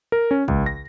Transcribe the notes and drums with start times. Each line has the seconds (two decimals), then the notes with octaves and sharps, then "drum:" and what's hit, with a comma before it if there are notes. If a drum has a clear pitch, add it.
0.12 A#4
0.31 C#4
0.48 C#2, drum: kick
0.66 A#6